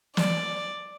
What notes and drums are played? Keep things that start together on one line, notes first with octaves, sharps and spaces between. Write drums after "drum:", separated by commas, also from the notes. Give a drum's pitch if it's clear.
D5, drum: snare